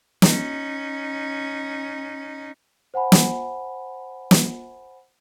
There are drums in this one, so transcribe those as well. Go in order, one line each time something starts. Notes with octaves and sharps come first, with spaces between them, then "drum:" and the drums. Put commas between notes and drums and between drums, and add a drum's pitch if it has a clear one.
C#4 D#4, drum: snare
C5 F#5 G#5 B5
drum: snare
drum: snare